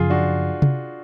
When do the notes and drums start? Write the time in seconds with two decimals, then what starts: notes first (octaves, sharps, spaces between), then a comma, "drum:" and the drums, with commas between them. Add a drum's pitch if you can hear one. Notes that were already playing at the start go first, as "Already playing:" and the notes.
Already playing: F#2 C#3 F3 F4 G#4
0.10 D4 F#4
0.62 drum: tom C3